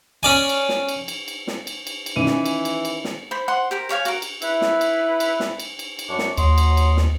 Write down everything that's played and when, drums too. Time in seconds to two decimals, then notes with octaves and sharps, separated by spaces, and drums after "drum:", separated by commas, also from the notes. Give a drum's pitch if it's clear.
0.23 C#4 D5 G#5
0.49 drum: cymbal
0.69 drum: snare
0.89 drum: cymbal
1.08 drum: cymbal
1.28 drum: cymbal
1.47 drum: snare
1.67 drum: cymbal
1.87 drum: cymbal
2.06 drum: cymbal
2.16 D#3 E3 C#4 D#7
2.26 drum: snare
2.46 drum: cymbal
2.65 drum: cymbal
2.85 drum: cymbal
3.04 drum: snare
3.31 C5 B5
3.48 C5 F#5 C6
3.71 G4 A#4 C5
3.89 G4 C#5 F5 G#5
4.05 F#4 A#4, drum: cymbal
4.22 drum: cymbal
4.42 E4 B4, drum: cymbal
4.61 drum: snare
4.81 drum: cymbal
5.20 drum: cymbal
5.40 drum: snare
5.60 drum: cymbal
5.79 drum: cymbal
5.99 drum: cymbal
6.08 F#2 D4 C#6
6.18 drum: snare
6.37 D#2 F#3 D#5 C6, drum: cymbal
6.58 drum: cymbal
6.77 drum: cymbal
6.97 drum: snare